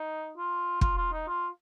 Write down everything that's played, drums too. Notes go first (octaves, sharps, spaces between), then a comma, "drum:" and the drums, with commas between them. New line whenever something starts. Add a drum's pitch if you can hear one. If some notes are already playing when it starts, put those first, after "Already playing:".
Already playing: D#4
F4
F4, drum: kick
F4
D#4
F4